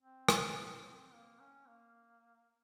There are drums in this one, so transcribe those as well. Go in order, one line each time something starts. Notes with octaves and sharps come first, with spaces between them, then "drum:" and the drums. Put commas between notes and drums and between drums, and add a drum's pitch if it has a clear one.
C4
drum: rim click
C4
C#4
C4
A#3
C#4
A#3